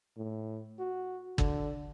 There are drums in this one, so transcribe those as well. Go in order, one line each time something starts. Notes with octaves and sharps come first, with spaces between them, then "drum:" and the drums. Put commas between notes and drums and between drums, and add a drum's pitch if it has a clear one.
A2
F#4
D3, drum: kick G1